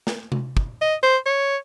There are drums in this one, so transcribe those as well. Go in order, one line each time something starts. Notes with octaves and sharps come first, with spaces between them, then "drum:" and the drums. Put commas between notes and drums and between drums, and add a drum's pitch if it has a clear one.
drum: snare
drum: tom C3
drum: kick
D#5
C5
C#5